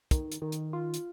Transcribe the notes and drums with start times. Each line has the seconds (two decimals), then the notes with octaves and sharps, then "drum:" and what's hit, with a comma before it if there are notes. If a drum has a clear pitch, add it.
0.11 D#3, drum: kick, hi-hat
0.32 drum: hi-hat
0.42 D#3
0.52 drum: hi-hat
0.73 F4
0.94 drum: hi-hat